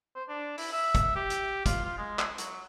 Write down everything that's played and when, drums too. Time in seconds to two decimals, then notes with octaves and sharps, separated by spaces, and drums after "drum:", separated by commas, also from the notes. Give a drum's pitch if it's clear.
0.15 C5
0.29 D4
0.58 E4, drum: open hi-hat
0.72 E5
0.95 drum: kick, hi-hat
1.16 G4
1.30 drum: hi-hat
1.66 F4, drum: kick, hi-hat
1.85 F4
1.98 G#3
2.19 drum: clap
2.38 F#3, drum: hi-hat